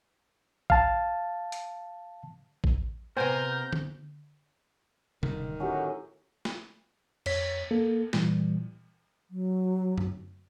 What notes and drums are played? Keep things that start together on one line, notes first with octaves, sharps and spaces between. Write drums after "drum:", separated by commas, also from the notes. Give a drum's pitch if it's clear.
F5 A5, drum: kick A1
drum: hi-hat
drum: kick A1
C3 B3 A#4 C5 G5 G#5 G6
drum: tom D3
D1 D3 D#3 G3, drum: tom C3
A2 F#3 C#4 F#4 G4 F#5
drum: snare
F2 C#5 B6, drum: cymbal
A#3 A4
A#2 E3 G3, drum: snare
F#3
drum: tom F#2